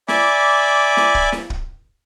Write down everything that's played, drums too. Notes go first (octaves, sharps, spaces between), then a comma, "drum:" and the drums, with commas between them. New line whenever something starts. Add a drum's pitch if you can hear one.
D5 E5 G#5 B5 D6, drum: snare
drum: snare
drum: kick
drum: snare
drum: kick